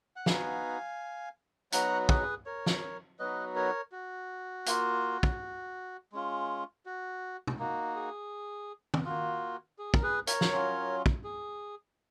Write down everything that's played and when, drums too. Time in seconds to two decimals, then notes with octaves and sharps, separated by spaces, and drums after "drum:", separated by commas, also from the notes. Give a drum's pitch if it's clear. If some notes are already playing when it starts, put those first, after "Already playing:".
0.16 F#5
0.26 B3 D#4 F#4 F5 G#5, drum: snare
1.72 F#3 B3 D#4 F#4 F#5 A#5, drum: hi-hat
2.09 G#4 B4, drum: kick
2.46 A#4 C#5
2.66 drum: snare
3.19 F#3 B3 D#4 F#4 B4 D#5
3.56 A#4 C#5
3.92 F#4
4.66 A#3 F4, drum: hi-hat
5.23 drum: kick
6.12 G#3 C#4 F4
6.86 F#4
7.47 drum: tom
7.59 A#3 D#4 F#4
7.96 G#4
8.94 drum: tom
9.05 A#3 F4 F#4
9.78 G#4
9.94 A#4, drum: kick
10.02 G#4 B4
10.27 A#4 C#5, drum: hi-hat
10.41 drum: snare
10.51 F#3 C#4 F4
11.06 drum: kick
11.24 G#4